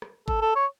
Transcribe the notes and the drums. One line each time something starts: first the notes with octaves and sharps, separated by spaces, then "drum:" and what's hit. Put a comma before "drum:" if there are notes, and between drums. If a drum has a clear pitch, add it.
drum: rim click
A4, drum: kick G#1
A4
C#5